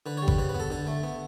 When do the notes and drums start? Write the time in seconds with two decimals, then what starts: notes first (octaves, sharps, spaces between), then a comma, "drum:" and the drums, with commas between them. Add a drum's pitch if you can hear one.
0.06 D3 B4
0.17 C#5
0.22 G3
0.28 B4, drum: kick G#1
0.38 C#3 B4
0.49 B4
0.55 B3
0.60 A4
0.70 D3 A4
0.87 A3
1.03 B3